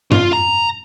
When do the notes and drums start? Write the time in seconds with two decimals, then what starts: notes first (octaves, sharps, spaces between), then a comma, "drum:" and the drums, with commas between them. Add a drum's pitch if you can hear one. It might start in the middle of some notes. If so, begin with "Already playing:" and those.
0.11 F4, drum: tom
0.33 A#5